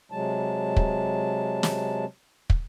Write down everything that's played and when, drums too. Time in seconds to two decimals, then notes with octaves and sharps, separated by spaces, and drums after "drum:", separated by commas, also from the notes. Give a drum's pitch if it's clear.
0.12 C3 F#3 G#3 A5
0.76 drum: kick
1.63 drum: snare
2.50 drum: kick